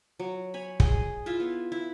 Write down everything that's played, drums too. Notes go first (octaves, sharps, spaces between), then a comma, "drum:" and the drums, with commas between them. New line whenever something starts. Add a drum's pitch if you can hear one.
F#3
C#5 G#5 B5
G#4 D#5, drum: kick
E4 F4 E5
B3
E4